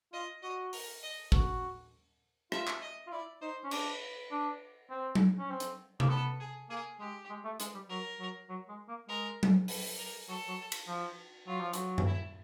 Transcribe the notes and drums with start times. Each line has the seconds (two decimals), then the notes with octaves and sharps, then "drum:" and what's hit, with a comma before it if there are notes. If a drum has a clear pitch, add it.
0.13 F4 D#5
0.43 F#4 D#5
0.73 A#4, drum: open hi-hat
1.03 D#5
1.32 F#4, drum: kick
2.52 F4 E5, drum: rim click
2.67 drum: clap
2.82 D#5
3.07 F4
3.12 E4 D5
3.42 D#4 C5
3.64 C#4
3.71 D4 B4, drum: cymbal
4.31 D4
4.90 C4
5.15 drum: tom F#3
5.39 C#4
5.50 C4
5.60 drum: hi-hat
6.00 A#3, drum: tom C3
6.10 B3 A4
6.40 G#4
6.70 A#3 G#4
7.00 G#3 G4
7.30 G#3
7.45 A3
7.60 G#3, drum: hi-hat
7.74 G3
7.89 F#3 A#4
8.19 F#3
8.49 F#3
8.69 G#3
8.88 A#3
9.09 G#3 A#4
9.43 drum: tom F#3
9.68 B4, drum: open hi-hat
9.99 A#4
10.28 F#3 A4
10.48 F#3
10.72 drum: cymbal
10.88 F3
11.47 F#3 F4
11.61 F3
11.73 F#3, drum: hi-hat
11.98 drum: tom F#2
12.07 E4